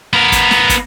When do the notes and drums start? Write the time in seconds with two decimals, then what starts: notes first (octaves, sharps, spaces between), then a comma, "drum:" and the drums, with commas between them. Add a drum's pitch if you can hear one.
0.13 B3 A#4
0.32 drum: kick, hi-hat
0.51 drum: snare
0.69 drum: kick, hi-hat